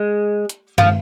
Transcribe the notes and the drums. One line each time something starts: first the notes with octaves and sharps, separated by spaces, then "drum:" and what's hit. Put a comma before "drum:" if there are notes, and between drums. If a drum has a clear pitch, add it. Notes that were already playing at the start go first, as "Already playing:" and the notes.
Already playing: G#3
drum: hi-hat
F3, drum: tom G2